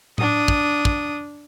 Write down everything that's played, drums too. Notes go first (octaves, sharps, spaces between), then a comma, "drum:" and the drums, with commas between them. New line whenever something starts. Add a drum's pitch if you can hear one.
D4 D#6, drum: tom A2
drum: kick
drum: kick